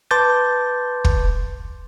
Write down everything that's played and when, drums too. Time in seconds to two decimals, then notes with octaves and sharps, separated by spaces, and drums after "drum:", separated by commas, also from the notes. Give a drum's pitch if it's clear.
0.11 B4 A5 C6 D6 G6 A6
1.05 drum: kick